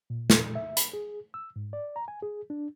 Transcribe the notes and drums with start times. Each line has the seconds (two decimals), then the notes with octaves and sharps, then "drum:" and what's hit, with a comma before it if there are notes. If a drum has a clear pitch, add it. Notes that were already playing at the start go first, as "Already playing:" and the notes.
0.10 A#2
0.30 drum: snare
0.55 E5
0.77 B5, drum: hi-hat
0.93 G#4
1.34 E6
1.56 G#2
1.73 D5
1.96 A#5
2.08 G#5
2.23 G#4
2.50 D4